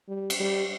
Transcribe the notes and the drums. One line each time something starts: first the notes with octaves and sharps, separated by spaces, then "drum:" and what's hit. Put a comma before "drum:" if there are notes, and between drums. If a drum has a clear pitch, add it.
G3
drum: cymbal
G3